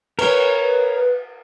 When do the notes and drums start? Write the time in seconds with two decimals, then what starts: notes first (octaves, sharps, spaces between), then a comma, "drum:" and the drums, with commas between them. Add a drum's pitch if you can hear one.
0.19 A#4 B4 C#5, drum: cymbal